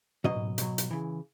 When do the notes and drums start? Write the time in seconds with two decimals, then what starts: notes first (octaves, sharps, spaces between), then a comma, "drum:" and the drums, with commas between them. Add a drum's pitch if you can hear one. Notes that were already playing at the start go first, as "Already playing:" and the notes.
0.24 B2 F#3 D#5, drum: tom
0.58 B2 F#3, drum: hi-hat
0.78 drum: hi-hat
0.91 C#3 E3